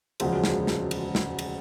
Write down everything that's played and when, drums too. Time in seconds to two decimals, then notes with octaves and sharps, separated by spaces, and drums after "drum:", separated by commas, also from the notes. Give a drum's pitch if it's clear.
0.20 E1 D2 C#3 F3 G#3, drum: cymbal
0.44 drum: snare
0.67 drum: snare
0.91 drum: cymbal
1.15 drum: snare
1.39 drum: cymbal